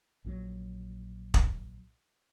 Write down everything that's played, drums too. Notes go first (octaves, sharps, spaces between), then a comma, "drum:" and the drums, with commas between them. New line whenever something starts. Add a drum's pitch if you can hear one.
A#1 A#2 C#3 F#3
drum: kick